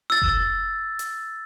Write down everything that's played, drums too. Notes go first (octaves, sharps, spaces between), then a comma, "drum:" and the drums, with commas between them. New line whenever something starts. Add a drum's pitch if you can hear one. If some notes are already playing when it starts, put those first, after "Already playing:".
E6 A6
drum: kick F#1
drum: hi-hat